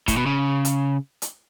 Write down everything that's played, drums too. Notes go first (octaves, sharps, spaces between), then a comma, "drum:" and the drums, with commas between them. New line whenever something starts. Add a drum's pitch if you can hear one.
A2, drum: kick, hi-hat
B2
C#3
drum: hi-hat
drum: hi-hat